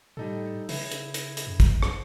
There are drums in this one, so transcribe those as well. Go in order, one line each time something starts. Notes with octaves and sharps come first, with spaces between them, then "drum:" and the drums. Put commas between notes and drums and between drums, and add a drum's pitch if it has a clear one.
A2 G3 D#4 A4
C#3 E4, drum: open hi-hat
drum: hi-hat
drum: hi-hat
drum: hi-hat
F#2
drum: kick, hi-hat
drum: rim click